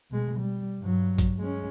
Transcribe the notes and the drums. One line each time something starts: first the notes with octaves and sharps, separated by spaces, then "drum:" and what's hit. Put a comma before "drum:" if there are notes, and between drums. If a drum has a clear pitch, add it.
B2 G#3
G3
G2 F#3
drum: kick, hi-hat
G#3 C#4